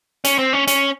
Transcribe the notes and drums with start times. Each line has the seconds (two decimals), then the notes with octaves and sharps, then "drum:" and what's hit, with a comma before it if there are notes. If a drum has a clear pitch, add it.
0.25 C#4, drum: hi-hat
0.39 C4
0.53 C#4
0.67 C#4, drum: hi-hat